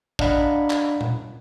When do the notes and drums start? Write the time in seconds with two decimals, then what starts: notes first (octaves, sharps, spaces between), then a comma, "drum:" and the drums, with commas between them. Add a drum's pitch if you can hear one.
0.19 D4 D#5 F5 F#5 A#5 B5, drum: kick
0.70 drum: clap
1.01 drum: tom A#2